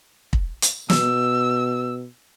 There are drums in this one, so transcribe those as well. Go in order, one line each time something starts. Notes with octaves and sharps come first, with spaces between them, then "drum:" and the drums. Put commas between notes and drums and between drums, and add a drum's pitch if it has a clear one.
drum: kick
drum: hi-hat
B2 E6, drum: snare